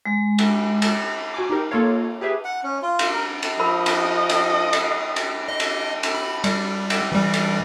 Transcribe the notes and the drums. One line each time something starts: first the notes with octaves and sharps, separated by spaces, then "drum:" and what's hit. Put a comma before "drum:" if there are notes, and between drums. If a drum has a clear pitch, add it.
G#3
drum: cymbal
drum: cymbal
F#4 G#5 D6
D#4 G4 A#4
A#3 F4 A4 A#4 C#5 F5
G4 G#4 B4 E5
F#5
C#4
F4
drum: cymbal
A#4
drum: cymbal
F3 A#4 D#5 B5
drum: cymbal
drum: cymbal
drum: cymbal
drum: cymbal
D#5
drum: cymbal
drum: cymbal
B5
G3, drum: cymbal
drum: cymbal
E3 G3
drum: cymbal